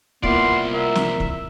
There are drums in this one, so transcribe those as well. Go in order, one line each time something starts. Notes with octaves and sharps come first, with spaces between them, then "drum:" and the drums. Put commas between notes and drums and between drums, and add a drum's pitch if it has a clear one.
C2 A#3 B3 E4 F4 D5 C6, drum: kick
A#4 E5
drum: snare
drum: kick